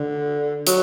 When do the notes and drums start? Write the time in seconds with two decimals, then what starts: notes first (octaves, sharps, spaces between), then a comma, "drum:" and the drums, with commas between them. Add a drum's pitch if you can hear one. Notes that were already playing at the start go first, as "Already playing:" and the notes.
Already playing: D3
0.67 F#3, drum: hi-hat